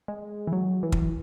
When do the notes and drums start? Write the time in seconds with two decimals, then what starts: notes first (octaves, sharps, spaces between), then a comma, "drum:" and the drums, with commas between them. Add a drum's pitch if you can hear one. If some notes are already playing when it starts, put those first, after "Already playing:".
0.08 G#3
0.47 E3
0.53 F#3
0.83 E3
0.92 drum: kick